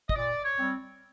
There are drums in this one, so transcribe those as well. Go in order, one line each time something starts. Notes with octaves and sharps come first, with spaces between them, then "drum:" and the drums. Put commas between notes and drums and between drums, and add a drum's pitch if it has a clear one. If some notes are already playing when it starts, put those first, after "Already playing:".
D#5, drum: kick
A#2 D5
C#5
G3 C4